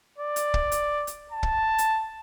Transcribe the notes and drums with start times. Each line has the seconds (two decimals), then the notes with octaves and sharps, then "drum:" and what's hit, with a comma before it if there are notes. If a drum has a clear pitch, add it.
0.18 D5
0.36 drum: hi-hat
0.54 drum: kick
0.72 drum: hi-hat
1.07 drum: hi-hat
1.31 A5
1.43 drum: kick
1.78 drum: hi-hat